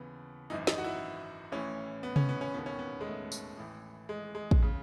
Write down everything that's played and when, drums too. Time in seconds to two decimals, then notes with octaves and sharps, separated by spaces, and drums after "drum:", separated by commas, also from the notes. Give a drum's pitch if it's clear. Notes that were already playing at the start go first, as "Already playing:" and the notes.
Already playing: D#2 C#3 E3 B3
0.50 G#1 F#2 E3 D#4
0.67 D#4, drum: snare
0.78 F#4
0.84 E4
1.52 A1 A2 E3 C#4
2.03 B3
2.16 C#4, drum: tom C3
2.29 B3
2.41 C#4
2.54 E1 D#2 D#3 B3
2.66 C#4
2.79 B3
3.01 G#3
3.07 A3
3.32 drum: tambourine
3.57 A1 A2 E3
4.09 G#3
4.35 G#3
4.51 drum: kick
4.62 C#3